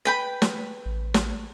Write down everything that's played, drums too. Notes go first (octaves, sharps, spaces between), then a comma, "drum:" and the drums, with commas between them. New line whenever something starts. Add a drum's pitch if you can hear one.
B4 G5 B5
drum: snare
A1
drum: snare